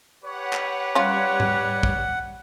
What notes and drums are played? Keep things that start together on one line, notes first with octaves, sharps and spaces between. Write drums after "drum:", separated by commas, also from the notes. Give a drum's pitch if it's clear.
G4 B4 C#5 F#5
drum: clap
G3 C#4 F4 F#5
drum: tom G#2
drum: kick